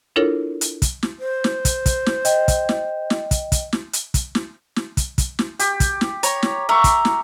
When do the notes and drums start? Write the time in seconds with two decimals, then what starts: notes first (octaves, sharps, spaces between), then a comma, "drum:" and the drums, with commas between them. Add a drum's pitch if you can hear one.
0.16 D4 E4 F4 A4 A#4 C#5
0.61 drum: hi-hat
0.82 drum: kick, hi-hat
1.03 drum: snare
1.20 C5
1.44 drum: snare
1.65 drum: kick, hi-hat
1.86 drum: kick, hi-hat
2.06 drum: snare
2.25 D#5 G5, drum: hi-hat
2.48 drum: kick, hi-hat
2.69 drum: snare
3.10 drum: snare
3.31 drum: kick, hi-hat
3.52 drum: kick, hi-hat
3.73 drum: snare
3.93 drum: hi-hat
4.14 drum: kick, hi-hat
4.35 drum: snare
4.76 drum: snare
4.97 drum: kick, hi-hat
5.18 drum: kick, hi-hat
5.39 drum: snare
5.59 G4, drum: hi-hat
5.80 drum: kick, hi-hat
6.01 drum: snare
6.23 C#5 A#5, drum: hi-hat
6.43 drum: snare
6.69 A#4 E5 C#6
6.84 drum: kick, hi-hat
7.05 drum: snare